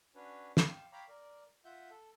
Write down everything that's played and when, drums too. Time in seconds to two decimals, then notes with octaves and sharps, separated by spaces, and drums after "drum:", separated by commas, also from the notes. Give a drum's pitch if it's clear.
0.15 C#4 D4 F#4 B4 C#5
0.57 drum: snare
0.69 F5 G5
0.92 C#5 F5 G5 A#5 B5 D6
1.08 A#4 D5
1.65 F4 E5 F#5 G6
1.90 A4